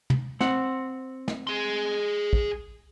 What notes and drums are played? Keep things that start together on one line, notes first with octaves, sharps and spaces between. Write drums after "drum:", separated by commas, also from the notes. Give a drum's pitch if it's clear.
drum: tom
C4 F#5, drum: snare
drum: snare
G#4 C6
drum: kick